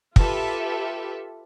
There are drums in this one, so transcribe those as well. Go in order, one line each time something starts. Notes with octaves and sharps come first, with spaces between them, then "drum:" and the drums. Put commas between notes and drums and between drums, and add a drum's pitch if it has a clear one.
F4 G4 A4 B4 E5, drum: kick